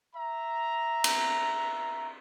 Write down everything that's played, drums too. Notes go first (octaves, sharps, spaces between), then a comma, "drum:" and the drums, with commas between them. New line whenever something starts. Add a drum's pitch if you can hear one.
E5 A#5
drum: cymbal